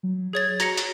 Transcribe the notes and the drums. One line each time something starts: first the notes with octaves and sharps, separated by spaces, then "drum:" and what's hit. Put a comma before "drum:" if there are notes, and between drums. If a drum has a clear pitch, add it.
F#3
G#4 C#5 G#6 A6
F#4 A#5 A#6 C#7, drum: hi-hat
drum: hi-hat